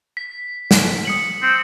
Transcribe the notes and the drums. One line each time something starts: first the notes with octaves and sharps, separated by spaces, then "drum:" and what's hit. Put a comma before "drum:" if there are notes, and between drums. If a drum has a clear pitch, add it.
B6
drum: snare
D#6 C#7 F#7
C4